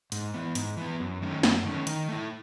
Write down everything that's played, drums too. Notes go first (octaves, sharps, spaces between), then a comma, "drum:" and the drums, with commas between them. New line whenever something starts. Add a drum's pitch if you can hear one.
G#2, drum: hi-hat
E3 B3
G#2, drum: hi-hat
E3 B3
F#2
D#3 A3 C#4
F#2, drum: snare
D#3 A3 C#4
D#3, drum: hi-hat
A3 E4